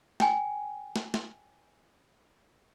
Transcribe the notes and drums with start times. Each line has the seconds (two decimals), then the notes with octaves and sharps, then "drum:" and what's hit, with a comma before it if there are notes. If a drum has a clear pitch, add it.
0.20 G5 G#5, drum: snare
0.96 drum: snare
1.14 drum: snare